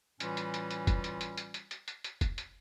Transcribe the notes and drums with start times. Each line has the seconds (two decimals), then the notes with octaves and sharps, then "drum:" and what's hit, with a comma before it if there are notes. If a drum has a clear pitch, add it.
0.20 A2 E3 G3 C#4 F4, drum: hi-hat
0.37 drum: hi-hat
0.54 drum: hi-hat
0.71 drum: hi-hat
0.87 drum: kick, hi-hat
1.04 drum: hi-hat
1.21 drum: hi-hat
1.37 drum: hi-hat
1.54 drum: hi-hat
1.71 drum: hi-hat
1.88 drum: hi-hat
2.04 drum: hi-hat
2.21 drum: kick, hi-hat
2.38 drum: hi-hat